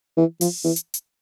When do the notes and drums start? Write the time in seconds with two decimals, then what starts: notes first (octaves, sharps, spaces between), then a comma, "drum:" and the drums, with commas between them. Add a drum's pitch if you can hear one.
0.17 E3
0.41 F3, drum: open hi-hat
0.65 E3
0.76 drum: hi-hat
0.94 drum: hi-hat